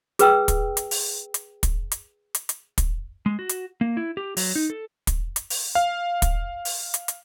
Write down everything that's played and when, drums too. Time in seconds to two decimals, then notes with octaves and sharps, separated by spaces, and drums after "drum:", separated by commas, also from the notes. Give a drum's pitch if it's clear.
0.19 G#4 B4 G5 E6, drum: hi-hat
0.48 drum: kick, hi-hat
0.77 drum: hi-hat
0.91 drum: open hi-hat
1.34 drum: hi-hat
1.63 drum: kick, hi-hat
1.92 drum: hi-hat
2.35 drum: hi-hat
2.49 drum: hi-hat
2.78 drum: kick, hi-hat
3.26 G#3
3.39 F#4
3.49 drum: hi-hat
3.81 A#3
3.97 E4
4.17 G4
4.37 F#3, drum: open hi-hat
4.55 D#4
4.70 A4
5.07 drum: kick, hi-hat
5.36 drum: hi-hat
5.50 drum: open hi-hat
5.75 F5
6.22 drum: kick, hi-hat
6.65 drum: open hi-hat
6.94 drum: hi-hat
7.08 drum: hi-hat